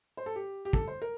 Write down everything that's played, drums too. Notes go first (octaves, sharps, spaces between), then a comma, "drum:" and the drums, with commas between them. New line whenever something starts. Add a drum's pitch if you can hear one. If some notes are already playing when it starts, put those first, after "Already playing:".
C5
A4
G4
G4
A4, drum: kick
C5
A#4